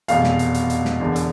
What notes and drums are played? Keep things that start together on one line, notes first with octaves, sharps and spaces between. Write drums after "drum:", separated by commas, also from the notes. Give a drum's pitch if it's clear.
F1 E2 B2 F5, drum: hi-hat
drum: snare
drum: hi-hat
drum: hi-hat
drum: hi-hat
drum: snare
E1 E2 D3
drum: hi-hat